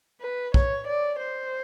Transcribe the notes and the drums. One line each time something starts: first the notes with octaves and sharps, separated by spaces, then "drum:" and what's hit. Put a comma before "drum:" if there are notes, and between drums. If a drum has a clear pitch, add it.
B4
C#5, drum: kick
D5
C5